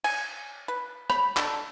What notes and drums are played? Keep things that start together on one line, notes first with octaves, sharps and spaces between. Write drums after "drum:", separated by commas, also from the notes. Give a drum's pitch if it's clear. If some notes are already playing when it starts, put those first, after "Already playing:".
G#5, drum: cymbal
B4
B5, drum: rim click
D4 A4, drum: clap